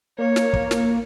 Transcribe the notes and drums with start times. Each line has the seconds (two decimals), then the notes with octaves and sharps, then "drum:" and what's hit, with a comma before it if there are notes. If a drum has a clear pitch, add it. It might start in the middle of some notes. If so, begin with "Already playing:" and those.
0.19 A#3 C#5
0.36 drum: snare
0.53 drum: kick
0.71 drum: snare